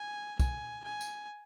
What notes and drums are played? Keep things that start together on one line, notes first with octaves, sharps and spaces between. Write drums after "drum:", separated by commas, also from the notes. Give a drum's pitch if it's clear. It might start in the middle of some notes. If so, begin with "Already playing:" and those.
Already playing: G#5
G#5, drum: kick, tambourine
G#5
drum: tambourine